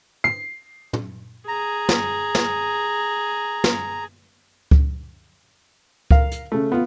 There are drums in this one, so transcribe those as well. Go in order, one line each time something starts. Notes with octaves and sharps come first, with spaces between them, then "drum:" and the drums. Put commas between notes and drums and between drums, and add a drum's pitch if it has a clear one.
C7
drum: tom
G#4 A#5
drum: snare
drum: snare
drum: snare
drum: kick C#2
A#4 F5, drum: kick C#2
drum: hi-hat
C#3 A3
B3 F4